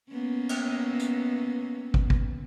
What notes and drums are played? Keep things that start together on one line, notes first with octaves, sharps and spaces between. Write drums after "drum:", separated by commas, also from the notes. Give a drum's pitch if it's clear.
A#3 B3 C#4
drum: cymbal
drum: hi-hat
drum: kick
drum: kick